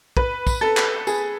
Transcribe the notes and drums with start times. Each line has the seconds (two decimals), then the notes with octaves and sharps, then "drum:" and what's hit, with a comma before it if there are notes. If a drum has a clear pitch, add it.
0.17 B4, drum: kick
0.47 drum: kick, tambourine
0.61 A4
0.77 drum: clap
1.07 G#4, drum: tambourine